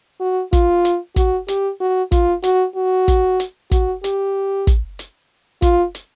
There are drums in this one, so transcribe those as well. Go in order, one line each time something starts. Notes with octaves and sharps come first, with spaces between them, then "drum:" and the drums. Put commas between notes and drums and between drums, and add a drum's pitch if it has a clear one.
F#4
F4, drum: kick, hi-hat
drum: hi-hat
F#4, drum: kick, hi-hat
G4, drum: hi-hat
F#4
F4, drum: kick, hi-hat
F#4, drum: hi-hat
F#4
drum: kick, hi-hat
drum: hi-hat
F#4, drum: kick, hi-hat
G4, drum: hi-hat
drum: kick, hi-hat
drum: hi-hat
F4, drum: kick, hi-hat
drum: hi-hat